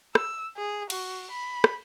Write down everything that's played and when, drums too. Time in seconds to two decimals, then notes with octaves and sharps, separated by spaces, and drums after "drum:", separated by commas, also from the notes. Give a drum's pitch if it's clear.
0.15 E6, drum: rim click
0.57 G#4
0.90 F#4, drum: cymbal
1.31 B5
1.64 drum: rim click